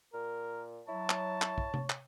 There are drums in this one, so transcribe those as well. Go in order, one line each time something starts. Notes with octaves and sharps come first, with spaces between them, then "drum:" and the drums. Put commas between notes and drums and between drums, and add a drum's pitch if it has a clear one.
A#2 A#4
F#3 E4 C#5 A5
drum: clap
drum: clap
drum: kick
drum: tom C3
drum: clap